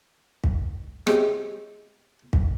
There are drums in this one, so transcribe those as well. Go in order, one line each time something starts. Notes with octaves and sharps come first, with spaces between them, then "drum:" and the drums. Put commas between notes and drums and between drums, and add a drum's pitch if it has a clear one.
drum: kick
G#3 C4 C#4 E4 F#4 G4, drum: rim click
drum: kick